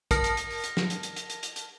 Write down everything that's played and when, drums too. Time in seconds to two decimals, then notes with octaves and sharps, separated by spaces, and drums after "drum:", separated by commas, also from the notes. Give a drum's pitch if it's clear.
0.11 A#4 A5 F6 A#6, drum: kick, hi-hat
0.24 drum: hi-hat
0.37 drum: hi-hat
0.50 drum: open hi-hat
0.64 drum: hi-hat
0.77 drum: snare
0.90 drum: hi-hat
1.03 drum: hi-hat
1.16 drum: hi-hat
1.30 drum: hi-hat
1.43 drum: hi-hat
1.56 drum: hi-hat